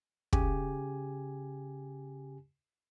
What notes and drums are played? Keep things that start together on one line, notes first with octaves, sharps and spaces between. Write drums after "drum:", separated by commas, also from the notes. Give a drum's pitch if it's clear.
C#3 G4 G#5, drum: kick